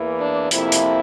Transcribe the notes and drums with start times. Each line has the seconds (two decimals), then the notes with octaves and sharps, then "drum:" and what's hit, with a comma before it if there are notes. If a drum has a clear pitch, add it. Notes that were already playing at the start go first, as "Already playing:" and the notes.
Already playing: E2 E3 A#3
0.19 D4
0.51 F2 C3 F3 A#3 E4, drum: hi-hat
0.72 drum: hi-hat